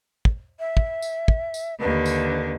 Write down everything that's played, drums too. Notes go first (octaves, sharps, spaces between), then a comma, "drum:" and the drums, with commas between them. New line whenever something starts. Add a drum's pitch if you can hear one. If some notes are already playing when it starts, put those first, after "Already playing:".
drum: kick
E5
drum: kick
drum: tambourine
drum: kick
drum: tambourine
D#2 D3 B4
drum: tambourine